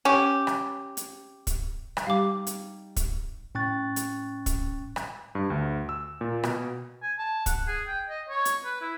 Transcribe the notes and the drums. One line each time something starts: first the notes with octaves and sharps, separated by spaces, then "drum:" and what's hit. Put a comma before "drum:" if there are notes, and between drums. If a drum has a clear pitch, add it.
C#4 G4
drum: rim click
drum: hi-hat
drum: kick, hi-hat
drum: rim click
G3 D#4 F5 D6
drum: hi-hat
drum: kick, hi-hat
A2 C#4 G5 C#6 F#6 A6
drum: hi-hat
drum: kick, hi-hat
drum: rim click
G2
D2
E6
A#2
B2, drum: rim click
G#5
A5
F#5, drum: kick, hi-hat
G#4
G5
D#5
C#5
drum: hi-hat
B4
E4